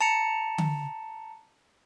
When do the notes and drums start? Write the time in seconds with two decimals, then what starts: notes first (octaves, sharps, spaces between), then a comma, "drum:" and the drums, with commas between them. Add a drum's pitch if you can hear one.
0.01 A5 A#5 C#7
0.58 drum: tom D3